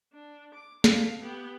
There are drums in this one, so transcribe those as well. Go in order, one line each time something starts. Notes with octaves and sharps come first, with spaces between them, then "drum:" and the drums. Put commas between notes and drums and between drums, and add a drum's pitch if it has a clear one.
D4
D6
A4 F5, drum: snare
B3 G4